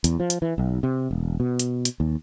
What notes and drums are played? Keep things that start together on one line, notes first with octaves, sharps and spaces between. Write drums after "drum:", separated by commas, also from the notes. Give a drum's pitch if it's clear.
E2, drum: hi-hat
F3
drum: hi-hat
E3
B1
C3
E1
B2
drum: hi-hat
drum: hi-hat
D#2